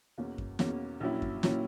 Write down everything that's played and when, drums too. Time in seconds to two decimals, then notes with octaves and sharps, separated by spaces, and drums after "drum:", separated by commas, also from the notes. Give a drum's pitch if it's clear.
0.18 E2 B2 A#3 C#4
0.38 drum: kick F#2
0.59 E2 B2 A#3 C#4, drum: snare
1.00 A#1 A#2 F#3 C#4 E4
1.22 drum: kick F#2
1.43 A#2 F#3 C#4 E4, drum: snare